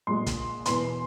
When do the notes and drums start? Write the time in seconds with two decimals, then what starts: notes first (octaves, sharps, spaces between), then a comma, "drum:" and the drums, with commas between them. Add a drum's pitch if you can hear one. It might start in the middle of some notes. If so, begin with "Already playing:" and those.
0.07 A#1 A#2 G#3 C6
0.26 drum: kick, hi-hat
0.65 E1 E2 E3 C6, drum: hi-hat